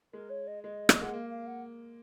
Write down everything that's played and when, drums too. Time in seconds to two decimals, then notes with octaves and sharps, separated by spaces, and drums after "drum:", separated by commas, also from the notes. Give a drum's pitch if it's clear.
0.13 G#3 A#4
0.30 C#5
0.47 D#5
0.63 G#3 D#5
0.89 A#3, drum: rim click
1.02 G#3 F#5
1.13 A#3 F5
1.30 F5
1.47 F#5